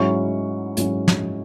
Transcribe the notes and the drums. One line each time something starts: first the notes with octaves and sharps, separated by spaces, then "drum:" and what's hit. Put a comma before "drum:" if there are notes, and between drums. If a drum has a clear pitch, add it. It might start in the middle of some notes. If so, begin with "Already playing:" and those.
Already playing: G#2 F#3 C#4 E4 C#6
G#2 F#3 C#4 E4, drum: hi-hat
drum: snare